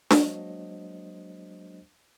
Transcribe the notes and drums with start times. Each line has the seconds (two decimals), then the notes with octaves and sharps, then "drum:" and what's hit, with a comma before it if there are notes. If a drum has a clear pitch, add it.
0.10 F#3 G#3 A#3 D4 C5 D#5, drum: snare D4